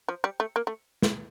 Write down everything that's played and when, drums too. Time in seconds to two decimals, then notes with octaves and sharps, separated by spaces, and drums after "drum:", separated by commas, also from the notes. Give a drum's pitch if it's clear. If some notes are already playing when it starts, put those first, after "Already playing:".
0.08 F3
0.24 G3
0.40 A3
0.56 A#3
0.67 A3
1.02 drum: snare